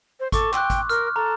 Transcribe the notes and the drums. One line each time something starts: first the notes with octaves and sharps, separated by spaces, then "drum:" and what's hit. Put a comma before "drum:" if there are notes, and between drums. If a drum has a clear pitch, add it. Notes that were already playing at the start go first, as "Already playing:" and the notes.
C5
A4 C#6 D6, drum: kick, hi-hat
G5 C6 E6 F#6, drum: clap
drum: kick, hi-hat
A#4 F6, drum: hi-hat
A4 A#5